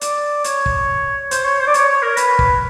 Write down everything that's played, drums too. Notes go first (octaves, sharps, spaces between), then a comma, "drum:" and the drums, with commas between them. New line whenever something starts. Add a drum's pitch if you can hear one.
D5, drum: hi-hat
C#5, drum: hi-hat
drum: kick
C5, drum: hi-hat
C#5
C5
D5
C#5, drum: hi-hat
C#5
A#4
B4, drum: hi-hat
drum: kick